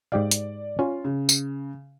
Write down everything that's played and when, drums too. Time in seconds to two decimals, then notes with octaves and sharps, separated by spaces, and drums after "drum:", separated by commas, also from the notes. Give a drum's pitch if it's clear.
0.12 G#2 G4 D5 F5
0.31 drum: hi-hat
0.79 C#4 F4
1.04 C#3
1.29 drum: tambourine